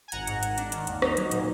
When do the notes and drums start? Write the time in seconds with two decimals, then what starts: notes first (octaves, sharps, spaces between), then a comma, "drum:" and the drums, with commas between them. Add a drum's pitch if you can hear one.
0.08 G#5
0.12 G#1 F#5 A#5, drum: hi-hat
0.27 G#2, drum: hi-hat
0.43 G#1, drum: hi-hat
0.58 D4, drum: hi-hat
0.72 D#3, drum: hi-hat
0.87 D#2, drum: hi-hat
1.02 D#4, drum: rim click
1.17 F#3, drum: hi-hat
1.31 A#2, drum: hi-hat